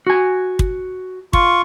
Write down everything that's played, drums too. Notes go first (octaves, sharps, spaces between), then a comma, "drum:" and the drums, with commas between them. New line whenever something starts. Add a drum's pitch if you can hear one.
F#4 G#5
drum: kick
F4 C#6, drum: kick